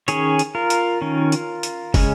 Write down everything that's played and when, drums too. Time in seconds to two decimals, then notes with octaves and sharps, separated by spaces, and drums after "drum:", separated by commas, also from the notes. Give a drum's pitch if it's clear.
0.08 D#3 C#4 G#4 C#5, drum: hi-hat
0.39 drum: hi-hat
0.55 F4 A#4
0.70 drum: hi-hat
1.01 D#3 C#4
1.32 drum: hi-hat
1.63 drum: hi-hat
1.94 C#3 G#3 C#4, drum: kick, open hi-hat